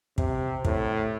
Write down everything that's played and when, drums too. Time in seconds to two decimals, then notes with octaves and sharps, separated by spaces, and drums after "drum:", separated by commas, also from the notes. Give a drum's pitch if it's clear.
0.18 C3, drum: kick
0.65 A2, drum: kick